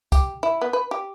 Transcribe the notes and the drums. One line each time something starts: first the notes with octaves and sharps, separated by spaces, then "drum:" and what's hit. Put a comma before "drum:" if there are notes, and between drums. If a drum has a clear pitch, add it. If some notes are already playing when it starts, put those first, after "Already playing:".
G4, drum: kick, tambourine
E4
B3
B4
G4